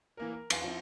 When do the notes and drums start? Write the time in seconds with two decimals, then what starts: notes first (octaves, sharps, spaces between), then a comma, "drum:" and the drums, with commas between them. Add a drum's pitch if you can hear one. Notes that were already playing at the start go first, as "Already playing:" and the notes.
0.17 E3 A#3 A#4
0.32 A#4
0.50 E2 B4 F5 G#5 C7, drum: cymbal
0.64 F3 C4 E4